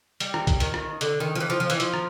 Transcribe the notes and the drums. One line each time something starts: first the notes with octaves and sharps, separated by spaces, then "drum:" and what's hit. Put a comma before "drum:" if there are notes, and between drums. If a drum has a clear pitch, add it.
G3, drum: hi-hat
drum: rim click
drum: kick A#1, hi-hat
D#3, drum: hi-hat
drum: rim click
D3, drum: hi-hat
D#3
F3
E3
F3
F3
E3, drum: hi-hat
F3, drum: hi-hat
drum: rim click